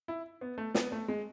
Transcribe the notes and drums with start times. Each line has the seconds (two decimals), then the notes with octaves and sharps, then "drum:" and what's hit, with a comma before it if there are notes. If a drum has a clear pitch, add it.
0.08 E4
0.41 B3
0.58 A3
0.75 B3, drum: snare
0.92 A3
1.08 G#3